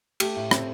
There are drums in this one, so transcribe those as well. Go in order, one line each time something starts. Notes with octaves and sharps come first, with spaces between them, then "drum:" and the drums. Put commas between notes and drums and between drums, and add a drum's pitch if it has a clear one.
A3 G4, drum: cymbal
A2
C4, drum: rim click